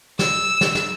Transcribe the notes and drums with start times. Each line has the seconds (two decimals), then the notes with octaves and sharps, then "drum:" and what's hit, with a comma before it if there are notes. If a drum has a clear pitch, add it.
0.19 E6, drum: snare
0.61 drum: snare
0.75 drum: snare